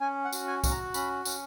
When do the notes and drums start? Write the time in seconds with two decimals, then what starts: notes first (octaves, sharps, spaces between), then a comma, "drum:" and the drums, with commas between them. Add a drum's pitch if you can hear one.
0.01 C#4 G#5
0.25 F#5
0.33 F#4, drum: tambourine
0.48 G#5
0.64 F#4, drum: kick C2, tambourine
0.71 A#5
0.94 C#4 B5, drum: tambourine
1.25 C#4, drum: tambourine